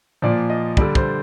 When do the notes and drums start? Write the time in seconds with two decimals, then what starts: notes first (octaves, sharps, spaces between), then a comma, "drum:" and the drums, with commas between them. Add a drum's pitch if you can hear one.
0.22 A#2 F3 D5
0.50 D#5
0.77 D3 G3 D5, drum: kick
0.95 C5, drum: kick